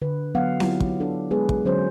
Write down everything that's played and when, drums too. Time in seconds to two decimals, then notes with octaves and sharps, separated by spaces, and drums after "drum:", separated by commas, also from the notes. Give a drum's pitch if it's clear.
0.02 D3 B4
0.35 F#3 B3 F5 F#5
0.60 F#3 E4 F4 G4, drum: snare C4
0.80 drum: kick
1.00 D4 A4
1.31 G#3 B3 G#4 B4
1.49 drum: kick
1.65 D3 F#3 C#4 C5